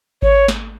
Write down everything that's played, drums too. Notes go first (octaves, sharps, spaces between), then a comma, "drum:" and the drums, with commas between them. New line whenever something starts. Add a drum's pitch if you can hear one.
C#5, drum: kick G#1
drum: snare